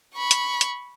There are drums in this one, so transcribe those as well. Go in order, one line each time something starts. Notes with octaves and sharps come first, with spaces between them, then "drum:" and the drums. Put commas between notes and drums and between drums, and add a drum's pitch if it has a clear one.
B5 C#6
drum: hi-hat
drum: hi-hat